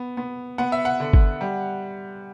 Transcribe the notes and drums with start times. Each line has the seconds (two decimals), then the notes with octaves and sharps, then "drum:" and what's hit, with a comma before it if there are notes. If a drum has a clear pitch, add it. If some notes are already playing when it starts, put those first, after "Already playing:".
Already playing: B3
0.17 B3
0.58 B3 F#5
0.72 E5
0.85 F#5
1.00 D3
1.13 drum: kick G1
1.41 G3